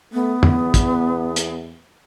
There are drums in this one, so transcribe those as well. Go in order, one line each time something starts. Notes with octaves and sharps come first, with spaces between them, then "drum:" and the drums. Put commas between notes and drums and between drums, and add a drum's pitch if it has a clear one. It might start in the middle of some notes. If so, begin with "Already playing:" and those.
A3 B3
E2, drum: tom
drum: kick, hi-hat
drum: hi-hat